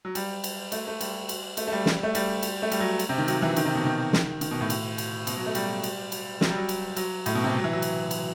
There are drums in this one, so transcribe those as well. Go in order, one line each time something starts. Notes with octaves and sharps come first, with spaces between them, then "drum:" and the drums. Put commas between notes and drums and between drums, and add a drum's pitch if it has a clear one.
F#3
G3, drum: cymbal
drum: cymbal
A3, drum: cymbal
A3
G3, drum: cymbal
drum: cymbal
A3, drum: cymbal
A3
G3
drum: snare
A3
G3, drum: cymbal
drum: cymbal
A3
G3, drum: cymbal
F#3
drum: cymbal
C3
D#3
F#3, drum: cymbal
E3
D#3, drum: cymbal
C3
B2
D#3
drum: snare
D#3, drum: cymbal
B2
A2
drum: cymbal
drum: cymbal
B2, drum: cymbal
F#3
A3
G3, drum: cymbal
drum: cymbal
drum: cymbal
F#3, drum: snare
G3
F#3
drum: cymbal
F#3, drum: cymbal
A2, drum: cymbal
B2
C3
F#3
E3
F#3
drum: cymbal
drum: cymbal